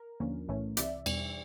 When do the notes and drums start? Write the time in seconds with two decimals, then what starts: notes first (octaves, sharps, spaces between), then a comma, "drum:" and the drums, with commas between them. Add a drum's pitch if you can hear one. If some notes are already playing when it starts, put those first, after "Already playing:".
Already playing: A#4
0.20 D#2 D3 F3 A#3 C#4
0.48 B1 A2 E3 A3 C#4
0.77 C2 C3 E3 D5 E5, drum: hi-hat
1.06 E2 B2 G3, drum: cymbal